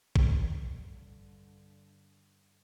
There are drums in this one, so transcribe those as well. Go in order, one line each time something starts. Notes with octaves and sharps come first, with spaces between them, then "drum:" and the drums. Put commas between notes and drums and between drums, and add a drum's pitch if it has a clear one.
G2 D3, drum: kick